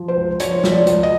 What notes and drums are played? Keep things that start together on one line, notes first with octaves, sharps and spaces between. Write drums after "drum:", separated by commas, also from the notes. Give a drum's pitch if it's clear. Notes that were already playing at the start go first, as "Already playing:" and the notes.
Already playing: F3
C5
C#2
F3 C#5, drum: hi-hat
F3, drum: snare
D5
C#2, drum: hi-hat
D#5